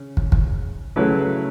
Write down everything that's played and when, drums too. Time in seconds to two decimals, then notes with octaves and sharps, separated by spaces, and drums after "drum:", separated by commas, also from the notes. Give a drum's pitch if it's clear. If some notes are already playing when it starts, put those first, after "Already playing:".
Already playing: C#3
0.17 drum: kick
0.32 drum: kick
0.96 C#3 F#3 A3 E4 B4